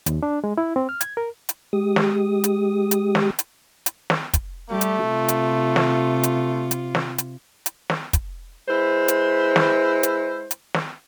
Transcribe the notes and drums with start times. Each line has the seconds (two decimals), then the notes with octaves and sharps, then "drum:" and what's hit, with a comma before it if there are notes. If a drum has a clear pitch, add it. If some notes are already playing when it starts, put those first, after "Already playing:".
0.06 D#2, drum: hi-hat
0.23 D4
0.44 G#3
0.58 E4
0.76 C4
0.89 F6
1.01 G#6, drum: hi-hat
1.17 A#4
1.49 drum: hi-hat
1.73 G#3 G4 D#6
1.96 drum: snare
2.44 drum: hi-hat
2.91 drum: hi-hat
3.15 drum: snare
3.39 drum: hi-hat
3.86 drum: hi-hat
4.10 drum: snare
4.34 drum: kick, hi-hat
4.70 G3 A3 G4
4.81 drum: hi-hat
5.07 C3 F4
5.28 drum: hi-hat
5.76 drum: snare
6.23 drum: hi-hat
6.71 drum: hi-hat
6.95 drum: snare
7.18 drum: hi-hat
7.66 drum: hi-hat
7.90 drum: snare
8.13 drum: kick, hi-hat
8.68 G#3 E4 B4 C5
9.08 drum: hi-hat
9.56 drum: snare
10.03 drum: hi-hat
10.51 drum: hi-hat
10.74 drum: snare